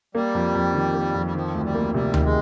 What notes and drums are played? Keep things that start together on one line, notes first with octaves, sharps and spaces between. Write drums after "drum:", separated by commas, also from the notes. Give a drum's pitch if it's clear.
G3 A#3
F2
F2
D#3
A#3
F2
G3
D#3 F3
D2
G3
A#3
C3 G3
D#3, drum: tom D2
G#3